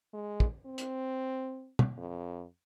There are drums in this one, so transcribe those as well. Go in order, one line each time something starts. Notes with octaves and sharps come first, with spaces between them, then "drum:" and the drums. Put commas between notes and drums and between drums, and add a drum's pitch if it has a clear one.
G#3
drum: kick
C4
drum: hi-hat
drum: tom
F2